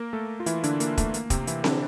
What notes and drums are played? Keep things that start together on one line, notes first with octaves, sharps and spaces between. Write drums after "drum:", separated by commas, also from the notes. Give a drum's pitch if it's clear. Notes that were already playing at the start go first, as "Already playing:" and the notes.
Already playing: A#3 A#4
A3 A4
F4
E3 E4, drum: hi-hat
D3 D4, drum: hi-hat
A#3, drum: hi-hat
A3, drum: kick E1, hi-hat
A#3, drum: hi-hat
C3 C4, drum: kick E1, hi-hat
E3 E4, drum: hi-hat
D3 D4, drum: snare C4